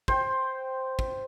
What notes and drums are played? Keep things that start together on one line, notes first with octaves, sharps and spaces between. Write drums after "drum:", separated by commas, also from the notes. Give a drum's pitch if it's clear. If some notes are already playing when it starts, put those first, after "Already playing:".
C5 G5, drum: kick
drum: kick